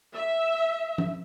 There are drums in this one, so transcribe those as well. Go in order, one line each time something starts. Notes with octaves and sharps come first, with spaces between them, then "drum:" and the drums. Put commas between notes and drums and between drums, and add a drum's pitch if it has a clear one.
E5
drum: tom